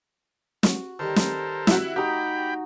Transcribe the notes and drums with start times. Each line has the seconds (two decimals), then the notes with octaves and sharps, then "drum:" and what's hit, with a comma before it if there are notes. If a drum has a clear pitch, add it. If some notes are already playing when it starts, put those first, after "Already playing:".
0.63 F#4, drum: snare
0.99 D#3 G3 A4 A#4 C5
1.16 drum: snare
1.67 E4 F#4, drum: snare
1.96 A3 D#4 F#4 G4 G5 B5